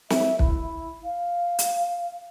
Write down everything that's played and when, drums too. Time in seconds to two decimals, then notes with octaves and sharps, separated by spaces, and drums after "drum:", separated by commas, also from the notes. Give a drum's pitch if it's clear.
0.10 E5, drum: snare
0.39 E4, drum: kick
1.04 F5
1.59 drum: hi-hat